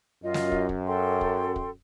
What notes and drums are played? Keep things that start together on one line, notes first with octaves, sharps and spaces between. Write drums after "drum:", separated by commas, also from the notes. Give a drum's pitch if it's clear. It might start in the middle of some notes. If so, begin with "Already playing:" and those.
F#2 F4 D#5
drum: snare
drum: kick
drum: kick
A4 G5 C6
drum: kick
drum: kick